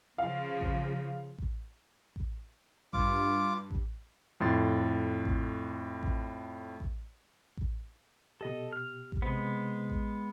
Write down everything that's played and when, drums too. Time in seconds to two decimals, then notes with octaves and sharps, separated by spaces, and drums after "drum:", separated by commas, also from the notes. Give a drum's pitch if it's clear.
0.18 C#3 F3 F5
0.61 drum: kick A1
1.38 drum: kick A1
2.16 drum: kick A1
2.93 G2 F4 D6, drum: kick A1
3.71 drum: kick A1
4.40 F2 A2 C6 A6
5.25 drum: kick A1
6.03 drum: kick A1
6.80 drum: kick A1
7.57 drum: kick A1
8.41 B2 G4 A4 D#5
8.72 F6
9.12 drum: kick A1
9.22 C3 G#3 B3 C5
9.90 drum: kick A1